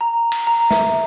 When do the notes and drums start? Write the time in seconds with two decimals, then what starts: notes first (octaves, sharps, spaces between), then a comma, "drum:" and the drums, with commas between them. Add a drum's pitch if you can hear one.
0.01 A#5
0.32 drum: cymbal
0.47 A#5
0.70 E5, drum: snare